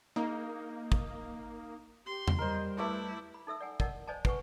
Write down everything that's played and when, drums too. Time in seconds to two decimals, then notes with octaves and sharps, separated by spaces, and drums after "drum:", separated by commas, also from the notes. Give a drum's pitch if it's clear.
0.16 A#3 D#4
0.92 drum: kick
2.06 G4 C6
2.28 drum: tom E2
2.38 G3 A#4 C5 D#5
2.77 A3 E4 B4 D6 D#6
3.34 B5
3.47 D#4 A4 E5 E6
3.60 D5 F#5 G#5
3.80 A#4 D5 D#5 F#5 A5, drum: kick
4.07 C5 D5 D#5 G#5 A5
4.25 B4 F#5 G#5 C#6, drum: kick